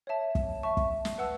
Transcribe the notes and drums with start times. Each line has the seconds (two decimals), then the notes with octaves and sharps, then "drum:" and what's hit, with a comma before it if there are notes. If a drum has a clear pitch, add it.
0.07 C#5 E5 A5
0.35 drum: kick
0.63 E5 A5 C#6
0.77 drum: kick
1.05 drum: snare
1.18 B4 F#5 A5 E6